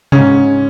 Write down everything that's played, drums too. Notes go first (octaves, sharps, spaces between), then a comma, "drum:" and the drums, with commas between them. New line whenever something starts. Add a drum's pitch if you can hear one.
G#2 C#4, drum: tom C3